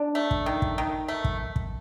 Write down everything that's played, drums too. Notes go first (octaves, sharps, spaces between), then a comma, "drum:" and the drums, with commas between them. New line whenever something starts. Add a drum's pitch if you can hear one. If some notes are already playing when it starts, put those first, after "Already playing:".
Already playing: D4
A3
drum: kick
D#3
drum: kick
D#3
A3
drum: kick
drum: kick